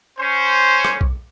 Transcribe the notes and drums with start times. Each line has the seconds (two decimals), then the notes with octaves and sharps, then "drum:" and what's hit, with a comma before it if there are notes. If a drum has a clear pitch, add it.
0.19 C#4 C5
0.85 drum: rim click
1.01 drum: kick B1